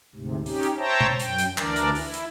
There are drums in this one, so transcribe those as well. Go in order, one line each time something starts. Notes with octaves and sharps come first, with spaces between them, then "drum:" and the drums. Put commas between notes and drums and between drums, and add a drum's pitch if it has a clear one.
D2 G#2 C3
C#4 D#4 G4, drum: open hi-hat
drum: hi-hat
C5 C#5 E5 G5 A5 A#5
drum: tom B2
F#2 G5, drum: hi-hat
drum: hi-hat
D2 E3 D4 A#4 D5, drum: clap
drum: hi-hat
E4, drum: open hi-hat
drum: hi-hat